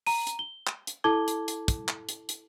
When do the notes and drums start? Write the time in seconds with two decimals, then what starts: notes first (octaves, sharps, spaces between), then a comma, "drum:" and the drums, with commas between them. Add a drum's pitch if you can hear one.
0.07 A#5 D#7, drum: open hi-hat
0.27 drum: hi-hat
0.39 G7
0.67 drum: clap
0.87 drum: hi-hat
1.04 E4 A4 A5 D6 G#6 G7
1.28 drum: hi-hat
1.48 drum: hi-hat
1.68 drum: kick, hi-hat
1.88 drum: clap
2.09 drum: hi-hat
2.29 drum: hi-hat